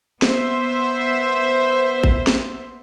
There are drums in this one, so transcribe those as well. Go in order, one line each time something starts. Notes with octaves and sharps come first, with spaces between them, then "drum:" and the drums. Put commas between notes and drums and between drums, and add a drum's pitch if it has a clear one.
B3 C5 E5, drum: snare
drum: kick A1
drum: snare